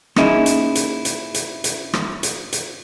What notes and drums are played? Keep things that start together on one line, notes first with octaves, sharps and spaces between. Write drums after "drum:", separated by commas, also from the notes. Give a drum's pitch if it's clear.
A#3 C#4 D#4 E4 G#4, drum: rim click
drum: hi-hat
drum: hi-hat
drum: hi-hat
drum: hi-hat
drum: hi-hat
drum: rim click
drum: hi-hat
drum: hi-hat